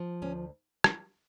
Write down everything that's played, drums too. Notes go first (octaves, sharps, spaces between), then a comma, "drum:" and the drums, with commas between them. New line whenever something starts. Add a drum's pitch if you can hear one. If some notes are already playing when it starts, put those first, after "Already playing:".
Already playing: F3
D2 C#4
drum: rim click